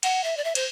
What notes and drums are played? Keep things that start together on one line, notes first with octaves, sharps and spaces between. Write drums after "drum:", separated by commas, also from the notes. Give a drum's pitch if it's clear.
F#5, drum: cymbal
E5
D5
E5
C5, drum: cymbal